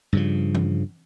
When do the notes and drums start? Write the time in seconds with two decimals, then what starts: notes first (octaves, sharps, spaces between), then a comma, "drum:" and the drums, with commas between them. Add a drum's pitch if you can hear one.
0.13 G2 C#3 F3
0.55 drum: tom E3